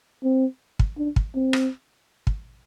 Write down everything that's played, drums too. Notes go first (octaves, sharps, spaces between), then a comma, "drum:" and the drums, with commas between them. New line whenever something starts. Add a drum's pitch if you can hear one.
C4
drum: kick
D4
drum: kick
C4
drum: rim click
drum: kick